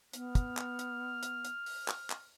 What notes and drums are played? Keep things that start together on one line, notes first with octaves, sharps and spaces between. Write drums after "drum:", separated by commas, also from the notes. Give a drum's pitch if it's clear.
B3 F6, drum: hi-hat
drum: kick, hi-hat
drum: clap
drum: hi-hat
drum: hi-hat
drum: hi-hat
drum: open hi-hat
drum: clap
drum: clap